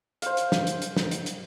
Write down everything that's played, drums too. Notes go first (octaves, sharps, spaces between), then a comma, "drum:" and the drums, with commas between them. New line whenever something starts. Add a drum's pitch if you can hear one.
C5 F5, drum: hi-hat
drum: hi-hat
drum: snare
drum: hi-hat
drum: hi-hat
drum: snare
drum: hi-hat
drum: hi-hat